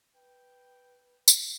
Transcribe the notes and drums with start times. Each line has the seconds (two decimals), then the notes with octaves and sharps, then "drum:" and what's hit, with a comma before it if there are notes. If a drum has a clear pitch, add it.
0.15 B4 G5
1.28 drum: tambourine